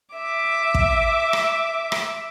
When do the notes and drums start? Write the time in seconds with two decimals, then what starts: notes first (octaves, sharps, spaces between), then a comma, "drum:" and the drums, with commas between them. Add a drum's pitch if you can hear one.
0.16 E5 D6
0.74 drum: kick
1.33 drum: rim click
1.92 drum: rim click